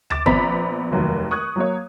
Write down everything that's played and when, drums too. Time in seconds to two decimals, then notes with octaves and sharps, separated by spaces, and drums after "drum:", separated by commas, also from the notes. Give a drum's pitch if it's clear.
0.10 D6 A6 E7, drum: tom D2
0.26 A#1 B3 C4 A#5 B5 B6, drum: kick
0.92 F1 D#2 F#3
1.31 C#6 D#6 F#6 G#6
1.56 F#3 A#3 C#5